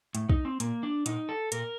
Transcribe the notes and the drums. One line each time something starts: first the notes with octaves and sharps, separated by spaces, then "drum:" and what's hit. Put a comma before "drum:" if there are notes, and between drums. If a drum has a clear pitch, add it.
A2, drum: hi-hat
D#4, drum: kick
C4
A#2 A#3, drum: hi-hat
D4
A#2 D#4, drum: hi-hat
A4
A#2 A#4, drum: hi-hat